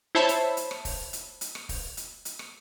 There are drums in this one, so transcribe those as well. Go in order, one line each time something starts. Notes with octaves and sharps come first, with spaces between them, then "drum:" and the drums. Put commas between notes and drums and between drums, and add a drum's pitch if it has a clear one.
E4 C5 C#5 E5 A5 B5
drum: hi-hat
drum: hi-hat
drum: rim click
drum: kick, open hi-hat
drum: hi-hat
drum: hi-hat
drum: rim click
drum: kick, open hi-hat
drum: hi-hat
drum: hi-hat
drum: rim click